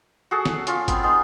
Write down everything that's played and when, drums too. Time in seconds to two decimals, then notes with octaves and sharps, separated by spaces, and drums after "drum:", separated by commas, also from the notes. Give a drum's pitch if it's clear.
0.31 F#4 G#4 A4
0.46 drum: snare
0.67 C#4 F4, drum: hi-hat
0.88 B3 C4, drum: kick G1, hi-hat
1.03 G#3 B3 D#4